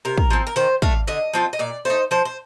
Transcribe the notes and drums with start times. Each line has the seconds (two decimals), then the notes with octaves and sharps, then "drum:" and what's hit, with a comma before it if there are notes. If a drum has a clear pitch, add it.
0.05 C3 A#4
0.18 drum: kick
0.30 F3 C4
0.47 A#4
0.56 D#3 C5
0.82 A3 D4 F5, drum: kick
1.07 D3 D#5
1.33 F3 C4 F4
1.53 D#5
1.59 A#2 D5
1.85 A3 D#4 C5
2.11 F3 C5
2.25 C5